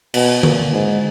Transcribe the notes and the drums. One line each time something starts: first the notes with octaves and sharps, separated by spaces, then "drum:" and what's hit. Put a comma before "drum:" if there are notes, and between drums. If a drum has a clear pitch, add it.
B2, drum: cymbal
A#2, drum: tom D3
G#2